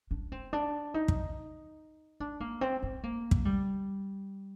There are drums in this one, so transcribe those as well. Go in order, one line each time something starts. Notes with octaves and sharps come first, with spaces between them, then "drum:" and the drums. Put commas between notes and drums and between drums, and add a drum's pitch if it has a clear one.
D4
C4
D4
D#4
drum: kick
D4
A#3
C4
C4
A#3
drum: kick
G3